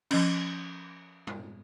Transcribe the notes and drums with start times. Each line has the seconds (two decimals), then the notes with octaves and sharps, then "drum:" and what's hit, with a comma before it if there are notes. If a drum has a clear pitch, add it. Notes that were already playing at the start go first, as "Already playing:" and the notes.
0.11 F3 C#4, drum: cymbal
1.27 drum: tom